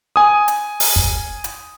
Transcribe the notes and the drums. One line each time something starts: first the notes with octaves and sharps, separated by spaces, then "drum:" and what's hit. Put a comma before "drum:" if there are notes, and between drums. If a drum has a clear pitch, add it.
G#5 D#6
drum: hi-hat
drum: open hi-hat
drum: kick
drum: hi-hat